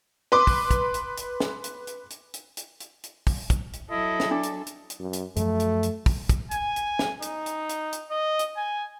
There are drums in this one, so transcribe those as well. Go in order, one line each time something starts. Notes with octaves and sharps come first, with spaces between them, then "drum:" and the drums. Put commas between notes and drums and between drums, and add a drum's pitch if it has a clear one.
B4 C6 D6
drum: kick, open hi-hat
drum: kick, hi-hat
drum: hi-hat
drum: hi-hat
drum: snare
drum: hi-hat
drum: hi-hat
drum: hi-hat
drum: hi-hat
drum: hi-hat
drum: hi-hat
drum: hi-hat
drum: kick, open hi-hat
drum: kick, hi-hat
drum: hi-hat
F#3 E4 A4 D#5
drum: snare
D4 D5
drum: hi-hat
drum: hi-hat
drum: hi-hat
F#2
drum: hi-hat
F#2 F3 F#3 A3, drum: hi-hat
drum: hi-hat
drum: hi-hat
drum: kick, open hi-hat
drum: kick, hi-hat
G#5, drum: hi-hat
drum: hi-hat
drum: snare
D#4, drum: hi-hat
drum: hi-hat
drum: hi-hat
drum: hi-hat
D#5
drum: hi-hat
G#5